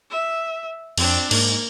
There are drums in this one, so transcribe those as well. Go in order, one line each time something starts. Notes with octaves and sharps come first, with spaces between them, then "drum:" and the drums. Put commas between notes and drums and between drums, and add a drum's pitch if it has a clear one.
E5
F2 C4 D4, drum: cymbal
G#2 A#3, drum: cymbal